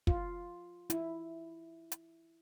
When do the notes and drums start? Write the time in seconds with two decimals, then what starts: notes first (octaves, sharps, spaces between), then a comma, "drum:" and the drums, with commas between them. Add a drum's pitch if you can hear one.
0.07 F4, drum: kick
0.90 E4, drum: hi-hat
1.92 drum: hi-hat